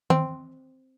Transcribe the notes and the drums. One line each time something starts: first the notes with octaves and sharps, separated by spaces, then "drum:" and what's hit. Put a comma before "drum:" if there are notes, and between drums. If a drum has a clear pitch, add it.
C4, drum: tom D#3